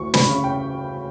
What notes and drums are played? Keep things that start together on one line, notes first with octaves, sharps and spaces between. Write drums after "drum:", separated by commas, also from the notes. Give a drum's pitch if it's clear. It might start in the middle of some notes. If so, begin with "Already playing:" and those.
Already playing: D2 E3 C#6
B5, drum: snare
C#3
G5